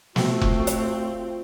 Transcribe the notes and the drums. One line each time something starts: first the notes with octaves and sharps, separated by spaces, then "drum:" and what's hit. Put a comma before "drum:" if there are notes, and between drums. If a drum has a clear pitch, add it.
A3 C4 F4 F#4, drum: snare
drum: kick F1
drum: hi-hat